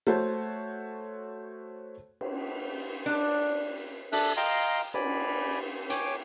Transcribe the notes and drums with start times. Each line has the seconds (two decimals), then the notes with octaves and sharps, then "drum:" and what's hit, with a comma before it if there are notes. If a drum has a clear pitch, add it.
0.07 A3 F#4 C5 C#5 A5
2.21 drum: cymbal
3.06 D4
4.12 D4 A4 E5 F#6, drum: open hi-hat
4.37 D#5 F5 G5 A#5 C6
4.94 D5 G#5 B5, drum: cymbal
5.90 C#5 G5 G#5 D6, drum: hi-hat